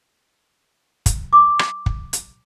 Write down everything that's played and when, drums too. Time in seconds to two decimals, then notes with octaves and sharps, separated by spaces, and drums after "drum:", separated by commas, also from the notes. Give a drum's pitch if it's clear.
1.06 drum: kick, hi-hat
1.33 D6
1.59 drum: rim click
1.86 drum: kick
2.13 drum: hi-hat